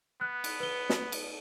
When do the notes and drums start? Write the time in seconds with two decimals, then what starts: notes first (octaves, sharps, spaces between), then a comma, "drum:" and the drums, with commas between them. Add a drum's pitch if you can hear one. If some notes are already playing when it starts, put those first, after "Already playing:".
0.21 B3 F#6
0.44 drum: cymbal
0.60 B4 G7
0.90 drum: snare
1.12 drum: cymbal